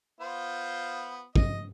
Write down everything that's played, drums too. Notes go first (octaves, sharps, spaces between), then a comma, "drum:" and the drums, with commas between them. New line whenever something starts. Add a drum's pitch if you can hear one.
B3 F4 C5
D#5, drum: kick